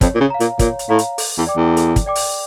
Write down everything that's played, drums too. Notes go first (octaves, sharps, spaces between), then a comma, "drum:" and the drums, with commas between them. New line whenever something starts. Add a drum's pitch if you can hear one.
F2 C#5, drum: kick, hi-hat
A#2
C#3
F5 A#5
A#2, drum: hi-hat
A#2 C#5, drum: kick, hi-hat
drum: hi-hat
A2 F5 A#5
drum: hi-hat
A4, drum: open hi-hat
E2
D5 G5 D6
E2
A4, drum: hi-hat
drum: kick, hi-hat
D5 G5 D6
drum: open hi-hat